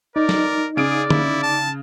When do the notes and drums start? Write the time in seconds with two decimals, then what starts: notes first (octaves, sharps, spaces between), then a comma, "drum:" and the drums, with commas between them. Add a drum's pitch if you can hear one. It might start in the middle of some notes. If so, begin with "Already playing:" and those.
0.16 D#4 A#4 D5
0.29 drum: snare
0.77 C#3 G#4 D5 D7
1.10 E4, drum: tom
1.43 A5